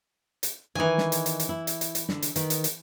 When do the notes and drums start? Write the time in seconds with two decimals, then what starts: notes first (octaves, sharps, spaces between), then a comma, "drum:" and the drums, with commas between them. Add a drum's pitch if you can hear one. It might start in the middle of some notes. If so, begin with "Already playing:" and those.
0.43 drum: hi-hat
0.75 D#3 E3 D#5 G#5
0.98 drum: snare
1.12 drum: hi-hat
1.26 drum: hi-hat
1.40 drum: hi-hat
1.49 E4
1.67 drum: hi-hat
1.81 drum: hi-hat
1.95 drum: hi-hat
2.09 D3, drum: snare
2.22 drum: hi-hat
2.36 D#3 B4, drum: hi-hat
2.50 drum: hi-hat
2.64 drum: hi-hat